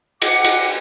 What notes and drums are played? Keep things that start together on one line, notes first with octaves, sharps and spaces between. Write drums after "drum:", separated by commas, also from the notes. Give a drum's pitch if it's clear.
F#5 D6, drum: cymbal
drum: cymbal